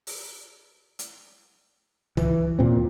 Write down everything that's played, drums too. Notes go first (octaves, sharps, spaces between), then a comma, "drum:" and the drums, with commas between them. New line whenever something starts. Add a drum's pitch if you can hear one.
drum: open hi-hat
drum: hi-hat
E3, drum: tom
D#2 A#2 C4